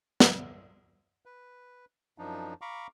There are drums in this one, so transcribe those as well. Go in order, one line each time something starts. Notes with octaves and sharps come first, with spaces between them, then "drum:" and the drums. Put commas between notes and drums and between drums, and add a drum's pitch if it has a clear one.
drum: snare
B4
F#2 F3 D4 D#4
F5 A#5 B5 C#6 D6